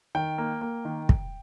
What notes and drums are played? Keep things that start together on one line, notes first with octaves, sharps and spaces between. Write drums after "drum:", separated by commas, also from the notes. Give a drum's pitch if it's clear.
D#3 G5
A#3
A#3
D#3
drum: kick